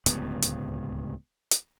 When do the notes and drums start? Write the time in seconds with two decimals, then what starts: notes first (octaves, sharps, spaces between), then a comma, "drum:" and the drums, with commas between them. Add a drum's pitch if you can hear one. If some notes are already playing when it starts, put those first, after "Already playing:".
0.06 D1 C#2 G2 B3, drum: hi-hat
0.42 drum: hi-hat
1.51 drum: hi-hat